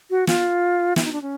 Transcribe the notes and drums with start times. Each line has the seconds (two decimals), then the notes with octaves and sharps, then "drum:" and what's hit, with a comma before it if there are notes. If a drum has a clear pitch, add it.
0.11 F#4
0.27 F4, drum: snare
0.96 E4, drum: snare
1.04 D#4
1.12 D4
1.22 C#4